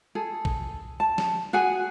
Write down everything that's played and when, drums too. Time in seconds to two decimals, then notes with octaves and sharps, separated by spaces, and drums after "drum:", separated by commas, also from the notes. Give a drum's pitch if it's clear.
0.15 G#4 A4
0.45 drum: kick A#1
1.00 A5
1.18 drum: snare
1.53 F#4 G#4 F#5 G#5